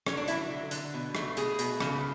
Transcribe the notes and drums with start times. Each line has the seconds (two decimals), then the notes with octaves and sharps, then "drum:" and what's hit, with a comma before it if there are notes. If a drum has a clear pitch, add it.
0.06 D3 C#4, drum: rim click
0.17 D4
0.28 F#3 E4, drum: hi-hat
0.50 D3
0.71 D3, drum: hi-hat
0.94 B2
1.15 A3, drum: rim click
1.37 B2 G#4, drum: hi-hat
1.59 B2, drum: hi-hat
1.80 C#3, drum: rim click